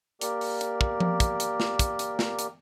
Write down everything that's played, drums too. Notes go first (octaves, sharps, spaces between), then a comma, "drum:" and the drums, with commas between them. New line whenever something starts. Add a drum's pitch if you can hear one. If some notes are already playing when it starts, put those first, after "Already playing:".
A#3 G4 A#4 D5, drum: hi-hat
drum: open hi-hat
drum: hi-hat
drum: kick
drum: tom F3
drum: kick, hi-hat
drum: hi-hat
drum: snare
drum: kick, hi-hat
drum: hi-hat
drum: snare
drum: hi-hat